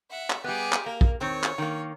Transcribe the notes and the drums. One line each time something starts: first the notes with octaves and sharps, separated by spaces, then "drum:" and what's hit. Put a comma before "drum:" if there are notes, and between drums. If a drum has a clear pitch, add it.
E5 F#5
drum: clap
G3 B3 G4 G#4
drum: clap
A#3 A#4
drum: kick A#1
D#3 C4 C#5
drum: clap
D#3 A#3